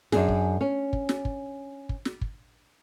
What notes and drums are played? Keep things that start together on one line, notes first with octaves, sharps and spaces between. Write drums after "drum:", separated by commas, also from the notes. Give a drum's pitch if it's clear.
F#2 D4 G#4, drum: snare
drum: kick
C#4
drum: kick
drum: snare
drum: kick
drum: kick
drum: snare
drum: kick